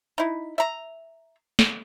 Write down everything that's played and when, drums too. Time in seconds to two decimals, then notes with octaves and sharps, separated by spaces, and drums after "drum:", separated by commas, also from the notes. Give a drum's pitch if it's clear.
0.18 D#4 E4
0.58 E5 A#5
1.59 drum: snare